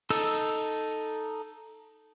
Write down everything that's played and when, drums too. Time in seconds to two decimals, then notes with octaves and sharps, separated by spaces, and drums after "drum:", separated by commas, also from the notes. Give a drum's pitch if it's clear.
0.10 D#4 A4 E6, drum: open hi-hat